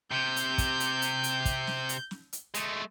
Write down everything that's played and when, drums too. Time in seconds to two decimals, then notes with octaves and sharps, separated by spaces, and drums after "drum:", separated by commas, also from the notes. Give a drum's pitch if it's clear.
0.11 C3 G6
0.36 drum: hi-hat
0.58 drum: kick, hi-hat
0.80 drum: hi-hat
1.02 drum: hi-hat
1.24 drum: hi-hat
1.45 drum: kick, hi-hat
1.67 drum: snare
1.89 drum: hi-hat
2.11 drum: snare
2.33 drum: hi-hat
2.54 G#3 A3, drum: hi-hat